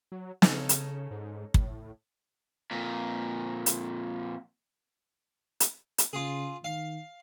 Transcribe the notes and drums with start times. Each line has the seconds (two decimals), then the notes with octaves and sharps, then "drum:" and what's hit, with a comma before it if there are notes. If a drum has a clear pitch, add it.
0.12 F#3
0.42 C#3 C#4 D#4 A4, drum: snare
0.69 drum: hi-hat
1.11 G#2
1.54 A2, drum: kick
2.71 F2 A#2
3.66 drum: hi-hat
5.60 drum: hi-hat
5.98 drum: hi-hat
6.13 C#3 F4 G#4
6.64 D#3 F5